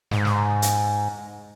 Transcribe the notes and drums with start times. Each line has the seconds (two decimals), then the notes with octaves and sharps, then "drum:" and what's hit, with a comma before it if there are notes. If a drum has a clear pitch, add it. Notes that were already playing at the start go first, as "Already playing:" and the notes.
0.11 G#2, drum: snare
0.25 drum: snare
0.62 drum: hi-hat